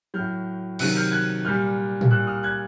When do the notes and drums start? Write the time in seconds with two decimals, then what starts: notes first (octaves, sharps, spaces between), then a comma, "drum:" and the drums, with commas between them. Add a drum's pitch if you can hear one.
0.14 A2 F#3 F6 G6
0.79 C3 D#3 F#3 E6 F#6, drum: cymbal
0.96 F6 G6
1.12 F#6 G#6
1.45 A#2 G3 F6 G6
2.01 drum: tom A2
2.11 A#2 G3 E6 F#6
2.27 D#6 F6
2.43 F#6 G#6